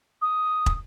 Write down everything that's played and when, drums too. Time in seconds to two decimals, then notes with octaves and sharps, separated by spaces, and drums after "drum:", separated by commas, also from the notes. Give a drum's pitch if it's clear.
0.21 D#6
0.66 drum: kick